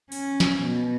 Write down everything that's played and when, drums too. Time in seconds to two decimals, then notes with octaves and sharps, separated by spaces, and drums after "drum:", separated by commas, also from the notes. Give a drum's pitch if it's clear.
0.12 C#4, drum: open hi-hat
0.40 drum: snare
0.62 B2